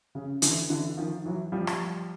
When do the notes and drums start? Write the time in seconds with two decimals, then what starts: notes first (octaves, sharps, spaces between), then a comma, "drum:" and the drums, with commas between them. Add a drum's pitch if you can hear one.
0.15 C#3
0.42 D3 E3, drum: hi-hat
0.70 D3 E3
0.97 D#3 F3
1.26 E3 F#3
1.52 F3 G3
1.67 drum: rim click